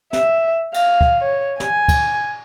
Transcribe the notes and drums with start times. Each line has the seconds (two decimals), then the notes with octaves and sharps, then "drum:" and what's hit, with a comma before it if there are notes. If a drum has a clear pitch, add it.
0.13 E5, drum: snare
0.74 F5, drum: cymbal
1.01 drum: kick
1.21 C#5
1.60 G#5, drum: snare
1.88 drum: kick, cymbal